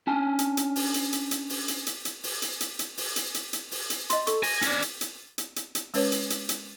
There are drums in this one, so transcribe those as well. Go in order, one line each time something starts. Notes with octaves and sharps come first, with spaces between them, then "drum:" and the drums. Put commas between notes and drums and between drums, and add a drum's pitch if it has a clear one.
C#4 D4 G#5 A5
drum: hi-hat
drum: hi-hat
drum: open hi-hat
drum: hi-hat
drum: hi-hat
drum: hi-hat
drum: open hi-hat
drum: hi-hat
drum: hi-hat
drum: hi-hat
drum: open hi-hat
drum: hi-hat
drum: hi-hat
drum: hi-hat
drum: open hi-hat
drum: hi-hat
drum: hi-hat
drum: hi-hat
drum: open hi-hat
drum: hi-hat
D#5 C6, drum: hi-hat
A4 C#6, drum: hi-hat
G#5 A#6, drum: open hi-hat
C#4 D4, drum: hi-hat
drum: hi-hat
drum: hi-hat
drum: hi-hat
drum: hi-hat
drum: hi-hat
G#3 C#4 B4 C#5, drum: open hi-hat
drum: hi-hat
drum: hi-hat
drum: hi-hat